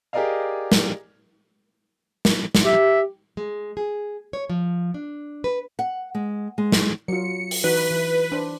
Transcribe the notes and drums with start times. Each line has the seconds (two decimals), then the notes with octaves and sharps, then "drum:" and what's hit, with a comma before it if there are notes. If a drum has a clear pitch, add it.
0.13 G4 G#4 A#4 D5 D#5 F5
0.72 drum: snare
2.25 drum: snare
2.55 drum: snare
2.65 G4 E5
3.37 G#3
3.77 G#4
4.33 C#5
4.50 F3
4.94 D4
5.44 B4
5.79 F#5
6.15 G#3
6.58 G#3
6.72 drum: snare
7.08 F#3 F4 C#7
7.51 drum: open hi-hat
7.64 E3 D#4 F#4 B4
7.90 E3 E4
8.32 D4 C5